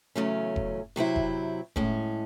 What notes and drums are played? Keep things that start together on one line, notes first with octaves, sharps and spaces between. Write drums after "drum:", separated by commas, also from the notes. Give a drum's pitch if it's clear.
E2 C#3 F#3 A3 C#4
drum: kick F1
C3 F#3 C4 E4
drum: kick F1
A2 G#3 C#4, drum: kick F1